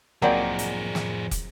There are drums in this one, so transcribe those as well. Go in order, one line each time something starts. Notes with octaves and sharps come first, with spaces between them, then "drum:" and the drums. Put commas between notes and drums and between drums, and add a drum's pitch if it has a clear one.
F3 F#3 A#3 C4 D#4 G#4 D5 G5
drum: hi-hat
drum: snare
drum: kick, hi-hat